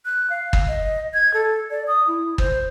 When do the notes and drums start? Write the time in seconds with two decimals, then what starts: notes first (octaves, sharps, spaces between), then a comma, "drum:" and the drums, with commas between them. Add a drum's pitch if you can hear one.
0.05 F#6
0.30 F5
0.53 drum: kick
0.68 D#5
1.14 G#6
1.34 A4
1.71 D5
1.87 D#6
2.08 E4
2.38 C5, drum: kick